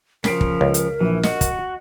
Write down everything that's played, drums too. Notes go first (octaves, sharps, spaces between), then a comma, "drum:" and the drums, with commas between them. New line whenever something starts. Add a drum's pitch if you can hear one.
C#3 F3 A#4 B6 C7 D7, drum: snare
drum: kick
C#2
drum: hi-hat
A#1 E3
F#4 D#5 C#7, drum: snare
drum: kick, hi-hat